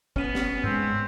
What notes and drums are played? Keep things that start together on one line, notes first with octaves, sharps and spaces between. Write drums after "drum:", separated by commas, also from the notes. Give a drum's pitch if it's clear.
B3 C#4 D#7, drum: kick
drum: snare
G#2 G#3 C4